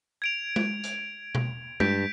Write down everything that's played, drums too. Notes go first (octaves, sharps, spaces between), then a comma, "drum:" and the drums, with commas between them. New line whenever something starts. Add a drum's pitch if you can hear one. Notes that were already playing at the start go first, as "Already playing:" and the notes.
G#6 D7 F7
drum: tom G#3
drum: hi-hat
drum: tom B2
G2 G6 B6 D7, drum: tom G#3